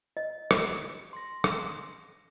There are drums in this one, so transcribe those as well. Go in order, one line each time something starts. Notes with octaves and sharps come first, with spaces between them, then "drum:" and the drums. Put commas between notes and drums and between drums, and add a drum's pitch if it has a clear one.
D#5
drum: rim click
C6 A#6
drum: rim click